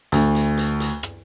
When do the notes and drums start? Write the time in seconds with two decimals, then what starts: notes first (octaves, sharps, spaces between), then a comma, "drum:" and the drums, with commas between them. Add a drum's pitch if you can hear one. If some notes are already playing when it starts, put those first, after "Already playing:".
0.12 D2, drum: hi-hat
0.35 drum: hi-hat
0.58 drum: hi-hat
0.80 drum: hi-hat
1.03 drum: rim click